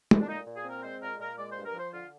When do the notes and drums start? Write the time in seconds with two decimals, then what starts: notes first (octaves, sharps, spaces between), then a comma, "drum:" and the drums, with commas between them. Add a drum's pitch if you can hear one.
0.11 drum: tom
0.21 D4
0.27 A#2 D#4
0.46 A#2
0.55 G#4
0.64 C4
0.69 A#4
0.82 G#3 C5
1.00 A#2 A#4
1.19 A#2 A#4
1.38 G#3 D5
1.51 C5
1.56 G2
1.65 A#4
1.75 F3 C5
1.93 D3 F4